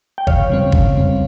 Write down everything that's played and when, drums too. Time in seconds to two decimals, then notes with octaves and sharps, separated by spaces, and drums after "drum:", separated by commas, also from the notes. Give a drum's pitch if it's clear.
0.18 G5
0.27 F2 C#5 F5, drum: kick
0.50 C#3 G3 C4
0.72 F2, drum: kick
0.95 C#3 G3 C4